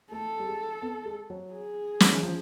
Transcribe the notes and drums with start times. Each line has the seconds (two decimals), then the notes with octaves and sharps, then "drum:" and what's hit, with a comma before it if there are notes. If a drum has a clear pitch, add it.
0.12 A3 A4
0.39 G3
0.47 G#3
0.82 B3
1.06 G#3
1.30 F#3
1.53 G#4
2.00 D#3, drum: snare
2.12 E3
2.23 F3